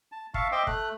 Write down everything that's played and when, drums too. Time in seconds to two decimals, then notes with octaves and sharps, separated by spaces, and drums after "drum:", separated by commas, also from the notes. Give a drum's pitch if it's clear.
0.12 A5
0.34 E5 F5 A5 C#6, drum: kick
0.52 C5 D#5 E5 G5 C6 D6
0.67 A3 F#6, drum: kick